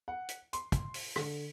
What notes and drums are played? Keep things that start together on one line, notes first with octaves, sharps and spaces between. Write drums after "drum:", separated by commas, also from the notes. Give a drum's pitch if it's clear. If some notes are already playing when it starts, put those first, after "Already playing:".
F#5
drum: hi-hat
C6, drum: hi-hat
drum: kick, hi-hat
drum: open hi-hat
D3, drum: rim click